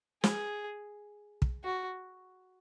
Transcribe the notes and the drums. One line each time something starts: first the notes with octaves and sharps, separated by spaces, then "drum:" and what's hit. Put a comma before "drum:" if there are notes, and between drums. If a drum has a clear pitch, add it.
G#4, drum: snare
drum: kick
F#4